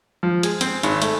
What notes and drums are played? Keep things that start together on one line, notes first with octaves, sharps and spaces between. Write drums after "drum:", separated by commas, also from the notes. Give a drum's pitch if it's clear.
F3
G#3, drum: hi-hat
C4, drum: hi-hat
G#1, drum: hi-hat
A3, drum: hi-hat